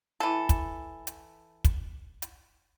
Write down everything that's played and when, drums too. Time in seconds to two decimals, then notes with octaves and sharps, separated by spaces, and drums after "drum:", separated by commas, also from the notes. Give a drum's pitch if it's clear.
0.20 E3 A4
0.49 drum: kick, hi-hat
1.07 drum: hi-hat
1.64 drum: kick, hi-hat
2.22 drum: hi-hat